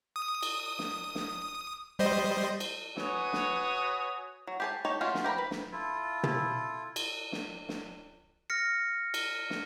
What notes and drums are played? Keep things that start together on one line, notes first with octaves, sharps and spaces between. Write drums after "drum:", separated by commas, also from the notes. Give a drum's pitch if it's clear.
D#6
drum: cymbal
drum: snare
drum: snare
G3 C5 D#5
drum: cymbal
F#4 B4 C#5 G#5 D#6, drum: snare
drum: snare
F#3
G4 G#4 A5
D#4 G4 C#5 A5
G#3 A3 C#4 F4 F#4
drum: snare
G4 A#4 A#5 B5
B4
drum: snare
E4 F4 A4
drum: tom
drum: cymbal
drum: snare
drum: snare
F6 A#6 C#7
drum: cymbal
drum: snare